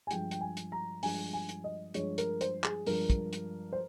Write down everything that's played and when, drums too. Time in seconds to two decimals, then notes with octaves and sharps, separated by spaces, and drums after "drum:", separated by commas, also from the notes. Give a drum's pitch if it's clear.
0.07 G#5
0.11 G2 F3 G#3 G5, drum: hi-hat
0.31 G5, drum: hi-hat
0.41 G#5
0.57 drum: hi-hat
0.72 A#5
1.03 G2 F3 G#3 G#5, drum: open hi-hat
1.33 G#5
1.49 drum: hi-hat
1.64 D#5
1.94 G2 F3 G#3 C#5, drum: hi-hat
2.18 A#4, drum: hi-hat
2.41 C5, drum: hi-hat
2.64 G#4, drum: clap
2.87 G2 F3 G#3 A#4, drum: open hi-hat
3.10 drum: kick, hi-hat
3.33 drum: hi-hat
3.73 C5